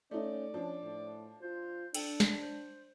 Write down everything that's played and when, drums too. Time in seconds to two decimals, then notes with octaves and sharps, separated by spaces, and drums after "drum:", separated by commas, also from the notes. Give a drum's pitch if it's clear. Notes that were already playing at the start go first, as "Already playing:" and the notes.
0.11 A3 C#4 D#4 D5
0.54 F3 C#4 D4
0.83 A2
1.42 F4 C5
1.94 D4 A4 G5, drum: cymbal
2.20 drum: snare
2.41 C5